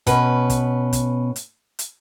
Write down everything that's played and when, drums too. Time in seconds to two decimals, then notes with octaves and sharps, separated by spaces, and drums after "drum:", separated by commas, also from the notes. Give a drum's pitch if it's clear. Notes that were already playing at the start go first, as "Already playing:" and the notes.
0.07 B2 C#4 B4, drum: kick, hi-hat
0.50 drum: kick, hi-hat
0.93 drum: kick, hi-hat
1.36 drum: hi-hat
1.79 drum: hi-hat